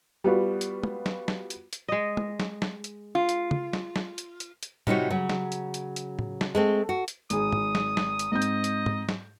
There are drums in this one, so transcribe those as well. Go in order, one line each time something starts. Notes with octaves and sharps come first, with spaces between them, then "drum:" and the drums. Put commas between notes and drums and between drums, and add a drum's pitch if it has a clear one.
G3 B3 F4 F#4
drum: hi-hat
drum: tom
drum: snare
drum: snare
drum: hi-hat
drum: hi-hat
G#3 D#5
drum: tom
drum: snare
drum: snare
drum: hi-hat
F4
drum: hi-hat
drum: tom
drum: snare
drum: snare
drum: hi-hat
drum: hi-hat
drum: hi-hat
C3 G3 D#4 F4 F#4 C#5, drum: tom A2
C#3 F#3
drum: snare
drum: hi-hat
drum: hi-hat
drum: hi-hat
drum: tom A2
drum: snare
G#3 A3 C4
F#4
drum: hi-hat
G#1 G#4 D#6, drum: hi-hat
drum: tom
drum: snare
drum: snare
drum: hi-hat
G#2 C4 D#5 G6
drum: hi-hat
drum: hi-hat
drum: tom
drum: snare